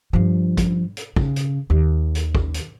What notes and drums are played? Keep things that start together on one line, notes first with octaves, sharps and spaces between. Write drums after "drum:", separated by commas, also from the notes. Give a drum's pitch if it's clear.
G2 F3
drum: kick, hi-hat
drum: hi-hat
C#3, drum: kick
drum: hi-hat
D#2
drum: hi-hat
drum: kick
drum: hi-hat